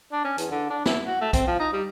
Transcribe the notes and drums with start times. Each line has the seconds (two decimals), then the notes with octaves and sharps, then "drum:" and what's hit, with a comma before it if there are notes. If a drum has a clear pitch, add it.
0.12 D4
0.24 C#4
0.38 E2, drum: hi-hat
0.51 D3
0.70 D4
0.86 E4, drum: snare
1.07 F#4
1.21 A3
1.33 C4, drum: kick B1, hi-hat
1.47 F3
1.59 D#4
1.73 G3